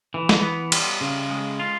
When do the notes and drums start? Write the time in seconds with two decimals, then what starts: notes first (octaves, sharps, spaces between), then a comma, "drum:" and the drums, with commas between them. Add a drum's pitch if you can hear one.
0.14 E3
0.29 drum: snare
0.43 B3
0.72 G3, drum: cymbal
1.01 C#3
1.30 G#3
1.60 F4